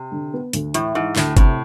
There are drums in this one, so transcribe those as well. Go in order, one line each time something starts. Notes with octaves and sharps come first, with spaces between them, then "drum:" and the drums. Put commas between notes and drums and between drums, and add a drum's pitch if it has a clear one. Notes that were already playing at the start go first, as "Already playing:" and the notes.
Already playing: C3
D3
B3
D2, drum: hi-hat
A2 E3, drum: hi-hat
G#2 E3
D2 A2, drum: clap
A2 C3, drum: kick G1, hi-hat